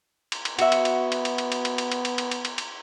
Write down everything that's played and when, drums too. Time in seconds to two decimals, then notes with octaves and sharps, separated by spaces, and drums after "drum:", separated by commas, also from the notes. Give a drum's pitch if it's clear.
0.32 drum: cymbal
0.45 drum: cymbal
0.59 B3 F#4 E5, drum: cymbal
0.72 drum: cymbal
0.85 drum: cymbal
1.12 drum: cymbal
1.25 drum: cymbal
1.38 drum: cymbal
1.52 drum: cymbal
1.65 drum: cymbal
1.78 drum: cymbal
1.92 drum: cymbal
2.05 drum: cymbal
2.18 drum: cymbal
2.31 drum: cymbal
2.45 drum: cymbal
2.58 drum: cymbal